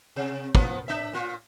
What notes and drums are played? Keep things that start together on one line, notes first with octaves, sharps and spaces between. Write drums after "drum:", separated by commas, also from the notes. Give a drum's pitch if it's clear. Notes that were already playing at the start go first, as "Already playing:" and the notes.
C3
F3 A#3 B3, drum: kick
D4 E5
A#2 F4